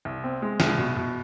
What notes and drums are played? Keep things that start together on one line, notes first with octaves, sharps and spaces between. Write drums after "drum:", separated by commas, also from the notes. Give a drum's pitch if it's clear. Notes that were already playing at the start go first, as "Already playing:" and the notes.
C2
C4
G#3
C2, drum: snare
B2
B2